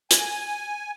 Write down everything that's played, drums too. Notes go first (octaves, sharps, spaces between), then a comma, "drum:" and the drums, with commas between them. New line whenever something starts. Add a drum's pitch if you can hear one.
G#5, drum: hi-hat